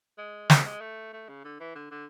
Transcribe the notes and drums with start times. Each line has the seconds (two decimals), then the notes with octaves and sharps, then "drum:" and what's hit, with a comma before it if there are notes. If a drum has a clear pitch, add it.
0.18 G#3
0.50 F#3, drum: snare
0.65 G#3
0.81 A3
1.13 A3
1.29 C#3
1.45 D3
1.60 E3
1.75 D3
1.91 D3